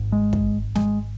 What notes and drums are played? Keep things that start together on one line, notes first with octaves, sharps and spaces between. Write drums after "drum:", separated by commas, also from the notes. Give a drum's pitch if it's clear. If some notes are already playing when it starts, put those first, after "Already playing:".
Already playing: G#1 G#2
G#3
drum: kick
G#3, drum: snare